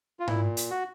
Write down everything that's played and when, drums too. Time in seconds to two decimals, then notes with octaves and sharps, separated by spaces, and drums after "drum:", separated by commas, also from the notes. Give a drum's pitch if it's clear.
0.20 F4
0.28 A#2 E4, drum: tom G#2
0.57 drum: hi-hat
0.71 F#4